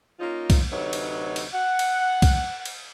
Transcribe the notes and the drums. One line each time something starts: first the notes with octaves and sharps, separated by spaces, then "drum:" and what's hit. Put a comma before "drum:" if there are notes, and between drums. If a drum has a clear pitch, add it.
A#3 C#4 D#4 F4
drum: kick C2, cymbal
D2 C3 F#3 D#4 B4 C#5
drum: cymbal
drum: cymbal
F#5
drum: cymbal
drum: kick C2, cymbal
drum: cymbal